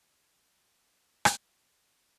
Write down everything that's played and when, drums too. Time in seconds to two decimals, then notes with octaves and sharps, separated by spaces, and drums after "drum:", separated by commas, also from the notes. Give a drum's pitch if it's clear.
0.17 C3 A#3 A#4
1.25 drum: rim click
1.37 E2 D#5